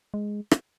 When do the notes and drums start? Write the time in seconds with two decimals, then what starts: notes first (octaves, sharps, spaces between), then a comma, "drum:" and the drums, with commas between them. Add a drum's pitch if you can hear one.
0.14 G#3
0.51 drum: rim click